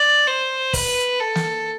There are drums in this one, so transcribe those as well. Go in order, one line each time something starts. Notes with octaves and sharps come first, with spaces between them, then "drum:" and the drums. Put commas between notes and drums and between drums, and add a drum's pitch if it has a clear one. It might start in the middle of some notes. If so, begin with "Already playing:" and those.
Already playing: D5
C5
B4, drum: kick, open hi-hat
A4
drum: snare